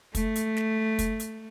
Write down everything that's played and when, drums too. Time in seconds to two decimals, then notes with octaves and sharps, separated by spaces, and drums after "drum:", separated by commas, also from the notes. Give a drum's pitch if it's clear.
0.15 A3, drum: kick, hi-hat
0.35 drum: hi-hat
0.57 drum: snare
0.99 drum: kick, hi-hat
1.20 drum: hi-hat